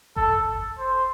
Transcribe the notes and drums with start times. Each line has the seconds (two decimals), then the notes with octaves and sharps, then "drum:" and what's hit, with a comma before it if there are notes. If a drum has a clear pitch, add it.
0.16 A4, drum: kick G1
0.78 C5